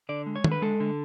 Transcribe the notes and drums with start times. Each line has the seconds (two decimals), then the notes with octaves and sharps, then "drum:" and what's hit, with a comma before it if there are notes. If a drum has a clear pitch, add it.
0.09 D3 D5
0.27 G#3
0.36 C#5
0.44 D3, drum: tom
0.52 B4
0.62 G#3 A4
0.80 D3